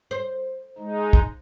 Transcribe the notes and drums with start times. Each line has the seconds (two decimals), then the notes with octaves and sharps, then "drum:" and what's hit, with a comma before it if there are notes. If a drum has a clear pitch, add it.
0.11 C5
0.78 G#3 D#4
1.13 drum: kick